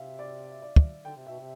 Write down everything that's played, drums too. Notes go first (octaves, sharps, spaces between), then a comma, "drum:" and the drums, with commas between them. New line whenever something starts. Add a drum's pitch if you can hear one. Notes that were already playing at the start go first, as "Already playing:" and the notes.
Already playing: C3 E5 F5
D5
D5
drum: kick
D3 G5
C3
B2 E5
C3